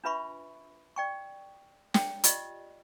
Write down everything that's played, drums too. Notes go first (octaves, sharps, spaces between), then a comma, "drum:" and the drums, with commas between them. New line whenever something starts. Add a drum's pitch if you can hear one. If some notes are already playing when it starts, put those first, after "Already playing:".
D4 F4 B4 E5 B5 C#6
D5 G5 C#6
G5, drum: snare
F4 G4 D5 D#5, drum: hi-hat